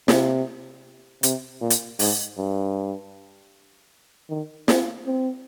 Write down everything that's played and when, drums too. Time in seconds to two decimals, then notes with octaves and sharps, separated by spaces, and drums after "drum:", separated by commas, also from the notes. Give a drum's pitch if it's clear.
0.08 C3, drum: snare
1.23 C3, drum: hi-hat
1.61 A#2
1.70 drum: hi-hat
1.99 G#2, drum: open hi-hat
2.38 G2
4.30 D#3
4.68 C4, drum: snare
5.06 C4